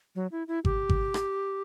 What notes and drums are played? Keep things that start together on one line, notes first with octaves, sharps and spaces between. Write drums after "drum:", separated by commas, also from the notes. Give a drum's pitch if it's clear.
F#3
E4
E4
G4, drum: kick G#1
drum: kick G#1
drum: rim click